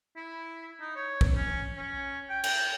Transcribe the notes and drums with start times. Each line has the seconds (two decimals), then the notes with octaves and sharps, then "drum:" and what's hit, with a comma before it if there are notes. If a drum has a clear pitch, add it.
0.17 E4
0.81 D#4
0.96 C#5
1.21 drum: kick
1.37 C#4
1.77 C#4
2.29 G5
2.44 G5, drum: cymbal